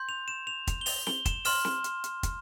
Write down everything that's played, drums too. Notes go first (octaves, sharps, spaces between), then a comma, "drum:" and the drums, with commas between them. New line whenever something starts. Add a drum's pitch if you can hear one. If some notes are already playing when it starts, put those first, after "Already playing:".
Already playing: C6 G6
F7
E7
F7
F7, drum: kick, hi-hat
G7
F7, drum: open hi-hat
G7, drum: snare C4
E7, drum: kick, hi-hat
C6 F6 E7, drum: open hi-hat
drum: snare C4
drum: hi-hat
drum: hi-hat
drum: kick, hi-hat